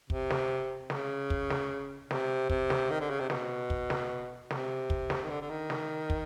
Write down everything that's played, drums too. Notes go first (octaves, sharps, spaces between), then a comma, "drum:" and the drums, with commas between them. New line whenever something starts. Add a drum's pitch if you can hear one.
C3, drum: kick
drum: snare
C#3, drum: snare
drum: kick
drum: snare
C3, drum: snare
C3, drum: kick
drum: snare
D#3
D3
C#3
C3
B2, drum: snare
drum: kick
drum: snare
C3, drum: snare
drum: kick
drum: snare
D#3
D3
D3
D#3
drum: snare
drum: kick